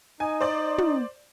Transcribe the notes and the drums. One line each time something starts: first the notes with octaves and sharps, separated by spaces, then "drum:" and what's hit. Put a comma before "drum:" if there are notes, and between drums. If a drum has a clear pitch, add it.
D#4 G#5
C5 D5 D6
drum: tom